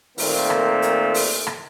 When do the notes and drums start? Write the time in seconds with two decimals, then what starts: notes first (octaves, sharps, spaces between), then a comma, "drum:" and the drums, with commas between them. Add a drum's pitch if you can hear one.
0.18 A#2 D#3 A3 A#3 C4, drum: open hi-hat
0.50 drum: rim click
0.82 drum: hi-hat
1.14 drum: open hi-hat
1.47 drum: rim click